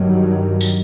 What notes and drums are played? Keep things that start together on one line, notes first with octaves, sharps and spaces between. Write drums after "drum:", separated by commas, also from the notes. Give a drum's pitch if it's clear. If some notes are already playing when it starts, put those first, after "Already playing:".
Already playing: G2 D#3 F#3
drum: tambourine